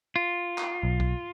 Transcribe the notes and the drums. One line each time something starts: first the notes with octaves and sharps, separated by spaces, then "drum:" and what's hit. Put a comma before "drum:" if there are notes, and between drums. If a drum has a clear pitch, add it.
F4
drum: clap
B1
drum: kick